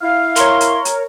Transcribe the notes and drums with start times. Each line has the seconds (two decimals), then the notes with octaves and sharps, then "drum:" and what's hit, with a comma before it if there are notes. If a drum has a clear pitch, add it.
0.02 E4 F5
0.36 A#4 C#5 C6, drum: hi-hat
0.61 drum: hi-hat
0.85 drum: hi-hat